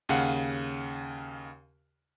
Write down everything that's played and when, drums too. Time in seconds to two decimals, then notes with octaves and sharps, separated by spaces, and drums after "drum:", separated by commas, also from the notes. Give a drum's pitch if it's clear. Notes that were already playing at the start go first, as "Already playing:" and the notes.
0.09 D#2 C#3 F5 F#5, drum: open hi-hat